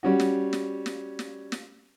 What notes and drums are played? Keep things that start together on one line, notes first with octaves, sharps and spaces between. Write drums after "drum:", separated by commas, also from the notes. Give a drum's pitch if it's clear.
G3 C#4 F#4
drum: snare
drum: snare
drum: snare
drum: snare
drum: snare